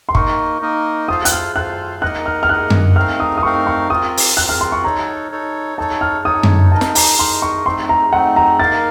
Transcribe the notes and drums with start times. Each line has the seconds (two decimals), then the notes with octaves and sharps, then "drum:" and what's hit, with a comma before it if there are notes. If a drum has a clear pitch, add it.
0.09 C6
0.15 A#3 D#4 A#4 D#5 C#6, drum: kick
0.61 A#3 D#4 A#4 D#5
1.08 F4 A4 C5 F5 D#6
1.25 F#6, drum: hi-hat
1.32 F6
1.56 F4 A4 C5 F5 F#6
2.02 A#3 D#4 A#4 D#5 F#5 F#6
2.26 F6
2.43 F6
2.49 A#3 D#4 A#4 D#5 F#5 F#6
2.70 drum: tom F#2
2.96 A3 C4 D#4 A#4 F5 F6
3.20 D#6
3.38 D#6
3.43 A3 C4 D#4 A#4 F5 C#6
3.67 C#6
3.90 C4 F4 A#4 D#6
4.17 drum: open hi-hat
4.37 C4 F4 A#4 F#6
4.49 F6
4.61 C6
4.72 C#6
4.84 D#4 A4 C#5 A#5
5.32 D#4 A4 C#5
5.77 D#4 A4 C#5 A5
6.01 F6
6.25 D#4 A4 C#5 D#6
6.43 drum: tom F#2
6.72 D#4 A#4 D#5 A5
6.81 drum: snare
6.95 A#5, drum: open hi-hat
7.19 D#4 A#4 D#5 C6
7.42 C#6
7.66 A3 C4 D#4 C6
7.89 A#5
8.12 A3 C4 D#4 F#5
8.36 A#5
8.60 A#3 D#4 A#4 F5 A6